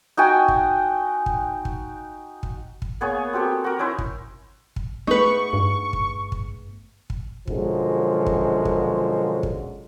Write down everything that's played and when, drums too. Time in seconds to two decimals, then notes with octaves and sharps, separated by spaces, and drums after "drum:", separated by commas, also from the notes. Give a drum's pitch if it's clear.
0.17 D#4 F#4 G5 G#5
0.48 drum: kick
1.26 drum: kick
1.65 drum: kick
2.43 drum: kick
2.82 drum: kick
3.01 A#3 B3 G#4 C#5
3.33 C4 F#4 G4 A4
3.64 F#4 A#4
3.79 C#4 D#4 E4 C5
3.99 drum: kick
4.76 drum: kick
5.07 A3 B3 D#4 G#4 B4 C#6
5.53 G2
5.93 drum: kick
6.32 drum: kick
7.10 drum: kick
7.47 F#2 B2 D3 F3 F#3 G#3, drum: kick
8.26 drum: kick
8.65 drum: kick
9.43 drum: kick